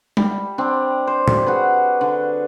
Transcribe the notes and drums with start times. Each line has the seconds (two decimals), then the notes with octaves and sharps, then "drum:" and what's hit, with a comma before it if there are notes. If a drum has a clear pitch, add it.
0.17 G3, drum: tom G3
0.58 C4 D4 G4
1.07 C5
1.28 drum: tom A2
1.46 F#4 G#4 B4
2.01 D3